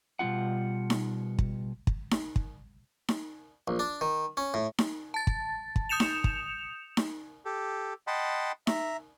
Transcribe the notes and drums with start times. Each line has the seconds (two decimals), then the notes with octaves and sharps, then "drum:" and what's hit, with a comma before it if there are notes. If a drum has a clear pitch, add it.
0.19 B2 G3 D4 F4 F#5
0.90 drum: snare D#4
1.39 drum: kick
1.87 drum: kick
2.11 drum: snare D#4
2.36 drum: kick
3.09 drum: snare D#4
3.68 A#1
3.79 D4
4.01 D#3
4.37 C#4
4.54 A2
4.78 drum: snare D#4
5.14 A5 A6
5.27 drum: kick
5.76 drum: kick
5.89 D#6 G6 C#7 E7 F7
6.00 drum: snare D#4
6.24 drum: kick
6.97 drum: snare D#4
7.45 G4 A4
8.07 D#5 F#5 G5 A5 B5 C6
8.67 E5 A#5, drum: snare D#4